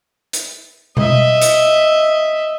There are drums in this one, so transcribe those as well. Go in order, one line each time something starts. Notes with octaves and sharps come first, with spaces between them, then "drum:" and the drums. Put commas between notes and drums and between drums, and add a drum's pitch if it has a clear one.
drum: hi-hat
D#5 E5, drum: tom B2
drum: hi-hat